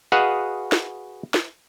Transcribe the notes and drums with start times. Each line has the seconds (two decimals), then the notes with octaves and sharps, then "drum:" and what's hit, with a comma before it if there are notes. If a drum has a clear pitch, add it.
0.12 F#4 G#4 B4 D#5 F5 F#5
0.72 drum: snare
1.34 drum: snare